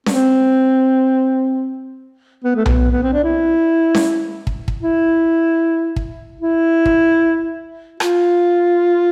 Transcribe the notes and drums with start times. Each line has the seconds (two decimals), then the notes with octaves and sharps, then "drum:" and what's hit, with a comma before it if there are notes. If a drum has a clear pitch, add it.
0.06 C4, drum: snare C#4
2.44 B3
2.55 A3
2.66 B3, drum: tom B1
2.91 B3
3.03 C4
3.13 D4
3.24 E4
3.95 drum: snare C#4
4.47 drum: kick
4.68 drum: kick
4.83 E4
5.96 drum: kick
6.41 E4
6.86 drum: kick
8.00 F4, drum: rim click